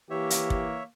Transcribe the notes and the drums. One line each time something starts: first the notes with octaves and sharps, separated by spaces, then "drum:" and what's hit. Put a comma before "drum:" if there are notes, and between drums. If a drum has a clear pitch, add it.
E3 A#3 G4 C#5 E5
drum: hi-hat
drum: kick